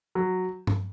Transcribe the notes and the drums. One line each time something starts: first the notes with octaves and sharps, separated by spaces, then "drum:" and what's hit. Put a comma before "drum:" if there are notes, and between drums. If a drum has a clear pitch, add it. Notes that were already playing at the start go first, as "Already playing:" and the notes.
F#3
drum: tom G2